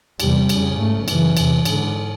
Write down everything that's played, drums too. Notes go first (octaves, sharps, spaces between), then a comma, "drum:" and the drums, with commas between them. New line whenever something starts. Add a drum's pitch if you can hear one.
E2 C3 G3, drum: cymbal
F2 C#3, drum: cymbal
G#2 A3
F#2 C#3 E3, drum: cymbal
E2 C3, drum: cymbal
G#2 D3, drum: cymbal